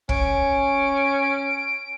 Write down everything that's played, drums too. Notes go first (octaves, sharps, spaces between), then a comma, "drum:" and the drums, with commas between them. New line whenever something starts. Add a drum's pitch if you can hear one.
C#4 D7, drum: kick